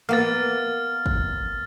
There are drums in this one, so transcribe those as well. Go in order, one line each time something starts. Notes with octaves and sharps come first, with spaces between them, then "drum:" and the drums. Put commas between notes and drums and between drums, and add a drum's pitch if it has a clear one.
A#3 B3 F6 A6
drum: kick